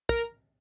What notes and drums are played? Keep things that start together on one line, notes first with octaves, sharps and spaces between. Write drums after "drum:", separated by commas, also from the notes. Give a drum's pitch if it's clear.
A#4, drum: kick